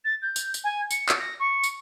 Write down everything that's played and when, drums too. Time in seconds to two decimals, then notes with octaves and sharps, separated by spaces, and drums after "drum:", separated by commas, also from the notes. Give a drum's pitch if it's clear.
0.05 A6
0.22 G6
0.36 drum: tambourine
0.54 drum: tambourine
0.64 G#5
0.91 C#7, drum: tambourine
1.09 drum: clap
1.20 A#6
1.40 C#6
1.64 drum: tambourine